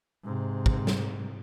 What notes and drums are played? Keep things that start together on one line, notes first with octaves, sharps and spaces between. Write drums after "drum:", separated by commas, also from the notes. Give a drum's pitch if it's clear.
G#2 C3
drum: kick
drum: snare